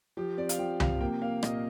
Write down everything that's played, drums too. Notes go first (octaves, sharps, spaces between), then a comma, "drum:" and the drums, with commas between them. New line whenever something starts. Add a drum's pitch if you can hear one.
F3 G4
C4 D5
F5, drum: hi-hat
F3 G5
C3 F5, drum: tom C2
A#3 G5
A#3 F5
A#2 D#5, drum: rim click